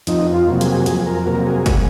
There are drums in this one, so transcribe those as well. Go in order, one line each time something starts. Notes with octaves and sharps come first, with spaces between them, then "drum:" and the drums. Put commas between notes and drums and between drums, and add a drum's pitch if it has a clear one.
F2 D#4, drum: hi-hat
F4
C3 F#3 A#3
G#4, drum: hi-hat
F2 G#4, drum: hi-hat
A#4
C3 F#3 A#3 A#4
G#4
A#2, drum: kick F#1, hi-hat